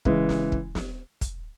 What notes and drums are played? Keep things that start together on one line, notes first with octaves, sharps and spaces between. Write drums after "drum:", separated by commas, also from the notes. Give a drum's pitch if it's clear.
C#3 E3 G#3, drum: kick
drum: snare
drum: kick
drum: snare
drum: kick, hi-hat